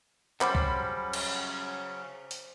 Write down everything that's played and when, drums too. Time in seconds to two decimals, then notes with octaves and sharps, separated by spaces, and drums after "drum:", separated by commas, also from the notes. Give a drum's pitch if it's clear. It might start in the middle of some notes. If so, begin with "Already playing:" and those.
0.41 C#3 F#3 G3 C#4 C5 F#5 B5 D6, drum: clap
0.55 drum: kick
1.13 drum: cymbal
2.31 drum: open hi-hat